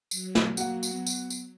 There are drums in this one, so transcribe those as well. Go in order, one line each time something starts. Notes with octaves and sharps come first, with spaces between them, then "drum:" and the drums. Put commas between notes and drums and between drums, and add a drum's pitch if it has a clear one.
F#3, drum: tambourine
drum: snare
A#3 F#4 F#5, drum: tambourine
drum: tambourine
B3
drum: tambourine
drum: tambourine